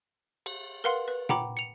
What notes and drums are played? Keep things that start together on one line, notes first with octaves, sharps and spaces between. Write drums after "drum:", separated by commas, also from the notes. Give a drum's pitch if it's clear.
drum: cymbal
A#4 B4 F5 F#5 C6
B4
F#5 G5 A#5 B5 D6, drum: tom A#2
C#7 F7